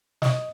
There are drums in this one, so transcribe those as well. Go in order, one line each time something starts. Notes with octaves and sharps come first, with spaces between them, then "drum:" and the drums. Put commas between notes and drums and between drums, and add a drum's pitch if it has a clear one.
D#5, drum: snare